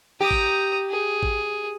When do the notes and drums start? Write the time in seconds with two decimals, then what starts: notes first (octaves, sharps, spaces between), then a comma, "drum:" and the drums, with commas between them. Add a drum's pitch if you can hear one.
0.21 G4 A#5 D#6
0.31 drum: kick
0.90 G#4
1.23 drum: kick